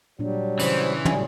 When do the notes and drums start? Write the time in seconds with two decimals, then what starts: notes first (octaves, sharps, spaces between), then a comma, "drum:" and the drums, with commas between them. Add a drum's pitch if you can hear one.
0.19 A#2 F#3 G3 D4
0.59 C#3 E3 C#4 C5, drum: cymbal
1.05 A2 F#3 G3 G#5, drum: tom